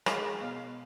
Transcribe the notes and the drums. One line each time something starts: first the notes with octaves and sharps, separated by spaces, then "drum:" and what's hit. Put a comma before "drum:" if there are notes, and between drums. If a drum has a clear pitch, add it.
G#3 F5, drum: rim click
B2 F5